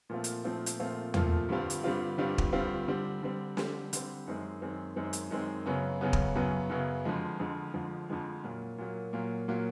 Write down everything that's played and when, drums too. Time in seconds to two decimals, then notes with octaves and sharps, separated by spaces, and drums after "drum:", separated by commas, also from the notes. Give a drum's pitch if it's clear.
0.09 A#2 F3 A3 C4 F4
0.24 drum: hi-hat
0.44 A#2 F3 A3 C4 F4
0.66 drum: hi-hat
0.79 A#2 F3 A3 C4 F4
1.14 A#2 F3 A3 C4 F4, drum: tom E2
1.49 G2 D3 G3 C4 F4
1.70 drum: hi-hat
1.84 G2 D3 G3 C4 F4
2.18 G2 D3 G3 C4 F4
2.38 drum: kick
2.53 G2 D3 G3 C4 F4
2.88 D3 G3 C4
3.23 D3 G3 C4
3.57 D3 G3 C4, drum: snare
3.93 D3 G3 C4, drum: hi-hat
4.27 F#2 D#3 G#3 C4
4.62 F#2 D#3 G#3 C4
4.96 F#2 D#3 G#3 C4
5.13 drum: hi-hat
5.31 F#2 D#3 G#3 C4
5.66 F#2 C#3 F#3 B3
6.01 F#2 C#3 F#3 B3
6.13 drum: kick
6.35 F#2 C#3 F#3 B3
6.69 F#2 C#3 F#3 B3
7.05 F2 D3 F3 G#3
7.40 F2 D3 F3 G#3
7.74 F2 D3 F3 G#3
8.09 F2 D3 F3 G#3
8.44 A#2 F#3 A#3
8.78 A#2 F#3 A#3
9.13 A#2 F#3 A#3
9.48 A#2 F#3 A#3